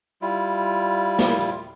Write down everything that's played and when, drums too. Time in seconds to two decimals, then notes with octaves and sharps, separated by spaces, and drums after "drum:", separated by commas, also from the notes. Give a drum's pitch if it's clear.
0.22 G3 E4 F4
1.19 drum: snare
1.41 drum: tambourine